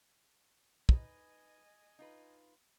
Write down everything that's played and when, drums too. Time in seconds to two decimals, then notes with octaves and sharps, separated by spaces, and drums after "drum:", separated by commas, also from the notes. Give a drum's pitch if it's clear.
0.89 D#4 B4 D#5 G#5, drum: kick
1.99 D#4 F4 B4